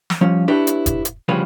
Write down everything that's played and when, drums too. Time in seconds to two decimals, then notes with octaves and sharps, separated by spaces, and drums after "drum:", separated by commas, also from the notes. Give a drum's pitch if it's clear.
0.10 drum: snare
0.21 F3 G3 C#4
0.48 D4 E4 G4 B4 C#5
0.67 drum: hi-hat
0.86 drum: kick F1, hi-hat
1.05 drum: hi-hat
1.28 D2 C#3 F3 G3 B4 C#5